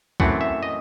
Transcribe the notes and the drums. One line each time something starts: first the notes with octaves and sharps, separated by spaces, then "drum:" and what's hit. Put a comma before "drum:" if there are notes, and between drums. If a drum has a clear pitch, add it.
F#2 E3 A3 C4 F#5, drum: kick
E5
D#5